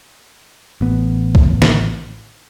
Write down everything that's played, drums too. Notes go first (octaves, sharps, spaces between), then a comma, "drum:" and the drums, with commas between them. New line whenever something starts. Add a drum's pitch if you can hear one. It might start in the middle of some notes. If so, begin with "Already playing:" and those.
A1 B3
drum: kick B1
drum: snare